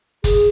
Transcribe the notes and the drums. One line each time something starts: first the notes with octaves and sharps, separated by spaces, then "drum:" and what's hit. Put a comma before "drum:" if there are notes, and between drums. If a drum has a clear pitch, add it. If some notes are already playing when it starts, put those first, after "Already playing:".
G#4, drum: kick, hi-hat